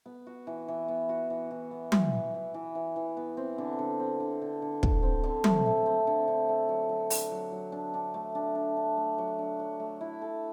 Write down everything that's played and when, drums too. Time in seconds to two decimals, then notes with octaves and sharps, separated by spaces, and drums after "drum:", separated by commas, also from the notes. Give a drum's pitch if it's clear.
0.06 B3
0.27 F#4
0.47 E3
0.68 E3
0.88 B3
1.09 F#4
1.30 E3
1.51 E3
1.71 B3
1.92 E3, drum: tom F#3
2.13 B3
2.34 E3
2.54 E3
2.75 E3
2.96 E3
3.17 B3
3.37 C4
3.58 D3
3.79 D3
4.00 C4
4.20 D3
4.42 D3
4.62 D3
4.83 D3, drum: kick
5.03 C4
5.24 D3
5.44 A3, drum: tom F#3
5.66 A3
5.86 C4
6.07 D3
6.28 D3
6.49 A3
6.69 F#3
6.89 F#3
7.10 D4, drum: open hi-hat
7.31 F#3
7.52 F#3
7.72 D4
7.94 D4
8.14 A3
8.35 D4
8.55 D4
8.77 D4
8.97 A3
9.18 F#3
9.39 D4
9.59 F#3
9.80 A3
10.01 E4
10.22 A4